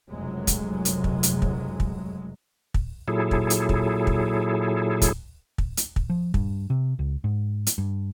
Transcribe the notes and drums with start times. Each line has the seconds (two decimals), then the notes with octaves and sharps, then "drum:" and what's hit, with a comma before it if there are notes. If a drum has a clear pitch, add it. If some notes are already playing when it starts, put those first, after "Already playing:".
0.10 F1 C#2 F#2 F#3 G#3
0.47 drum: kick, hi-hat
0.85 drum: hi-hat
1.04 drum: kick
1.23 drum: hi-hat
1.42 drum: kick
1.80 drum: kick
2.74 drum: kick
3.08 A#2 F#3 E4 G#4 A4
3.31 drum: kick
3.50 drum: hi-hat
3.69 drum: kick
4.07 drum: kick
5.02 drum: kick, hi-hat
5.58 drum: kick
5.77 drum: hi-hat
5.96 drum: kick
6.10 F3
6.34 G2, drum: kick
6.70 C3
6.99 C#2
7.24 G#2
7.67 drum: hi-hat
7.78 G2